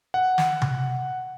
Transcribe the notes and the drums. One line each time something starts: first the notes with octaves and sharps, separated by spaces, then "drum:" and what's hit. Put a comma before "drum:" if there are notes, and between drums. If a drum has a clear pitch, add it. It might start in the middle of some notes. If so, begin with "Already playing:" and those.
F#5
drum: snare
drum: tom C3